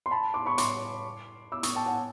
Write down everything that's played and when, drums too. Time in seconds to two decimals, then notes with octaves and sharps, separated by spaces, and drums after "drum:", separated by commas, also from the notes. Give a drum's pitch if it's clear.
0.06 C6
0.11 A5 B5
0.34 C6 D6
0.46 B5 C#6
0.58 C6 D6, drum: hi-hat
1.52 D6 E6
1.63 C#6 D#6, drum: hi-hat
1.75 G5 A5
1.86 F#5 G#5